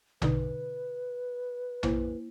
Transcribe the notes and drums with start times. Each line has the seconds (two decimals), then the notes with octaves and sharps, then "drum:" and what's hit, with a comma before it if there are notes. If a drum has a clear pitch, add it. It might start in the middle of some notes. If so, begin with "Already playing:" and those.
0.22 B2 D3 D#4 B4, drum: tom A#1
1.83 A#3 E4 C5, drum: tom A#1